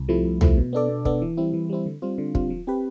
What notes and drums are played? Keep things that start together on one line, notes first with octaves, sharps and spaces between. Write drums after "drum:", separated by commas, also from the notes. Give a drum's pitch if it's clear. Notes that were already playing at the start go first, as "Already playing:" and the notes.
Already playing: C2
C3 F3 A3 E4
C2
C3 F3 A3 E4, drum: tom
B2
B3 D4 A4 D5
B2
B3 D4 A4 D5, drum: kick
E3
G3 C4 E4
E3
G3 C4 E4
D3
G3 C4 F4
D3
G3 C4 F4, drum: kick
F3
C4 G4 B4